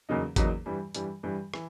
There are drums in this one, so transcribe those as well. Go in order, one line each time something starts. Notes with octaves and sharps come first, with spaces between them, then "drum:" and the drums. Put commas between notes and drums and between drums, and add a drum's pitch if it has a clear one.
E2 C#3 F#3 A#3 D#4
E2 C#3 F#3 A#3 D#4, drum: kick G#1, hi-hat
G2 E3 G3
G2 E3 G3, drum: hi-hat
G2 E3 G3
E3, drum: rim click